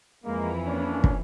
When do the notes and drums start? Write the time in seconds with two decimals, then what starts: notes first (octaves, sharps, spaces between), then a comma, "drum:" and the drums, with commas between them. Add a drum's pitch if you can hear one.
0.25 F2 E3 G#3 A#3
0.66 A#3 C#4 D4
1.04 drum: kick